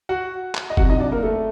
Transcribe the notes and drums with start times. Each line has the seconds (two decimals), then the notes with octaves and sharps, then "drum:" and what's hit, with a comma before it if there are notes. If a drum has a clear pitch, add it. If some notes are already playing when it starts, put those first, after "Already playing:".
0.09 F#4 F#5
0.55 drum: clap
0.70 D#5
0.77 C2 C3 F#3 F#4 F#5, drum: kick F#1
0.90 D#4 D#5
1.00 D4 D5
1.12 A#3 A#4
1.23 A3 A4